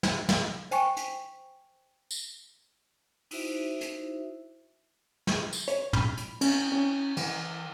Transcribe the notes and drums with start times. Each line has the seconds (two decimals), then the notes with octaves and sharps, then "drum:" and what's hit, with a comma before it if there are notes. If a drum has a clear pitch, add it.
0.03 drum: snare
0.29 drum: snare
0.71 C5 G5 G#5 C#6, drum: hi-hat
0.97 drum: hi-hat
2.11 drum: tambourine
3.31 D#4 E4 F#4 C5 E5, drum: open hi-hat
3.81 drum: hi-hat
5.27 drum: snare
5.53 drum: tambourine
5.68 C#5, drum: hi-hat
5.93 B5, drum: tom
6.17 drum: hi-hat
6.41 C#4, drum: cymbal
6.72 C#4
7.17 E3, drum: cymbal